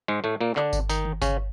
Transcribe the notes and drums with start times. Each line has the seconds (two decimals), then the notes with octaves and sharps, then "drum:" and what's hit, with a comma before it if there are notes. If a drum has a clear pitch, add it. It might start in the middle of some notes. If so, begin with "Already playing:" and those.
0.08 G#2 G#3
0.24 A2 A3
0.41 A#2 A#3
0.56 D3 D4, drum: clap
0.73 drum: kick G1, tambourine
0.89 D#3 D#4, drum: tambourine
1.05 drum: tom D#3
1.22 C#3 C#4, drum: kick G1, tambourine